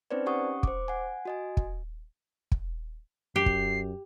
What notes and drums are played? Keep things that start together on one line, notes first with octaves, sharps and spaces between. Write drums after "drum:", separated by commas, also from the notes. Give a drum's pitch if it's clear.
C4 C#4 D#4 B4 C5 D5
C#4 G4 F#5 C#6 D#6
C5 D6, drum: kick
F#5 G#5
F#4 D#5 G#5
drum: kick
drum: kick
F#2 G4 C7
drum: kick